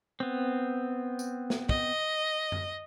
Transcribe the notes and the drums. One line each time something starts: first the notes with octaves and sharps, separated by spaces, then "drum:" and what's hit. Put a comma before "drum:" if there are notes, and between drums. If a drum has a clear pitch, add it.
B3 C4
drum: tambourine
drum: snare
D#5, drum: kick
drum: tom F#2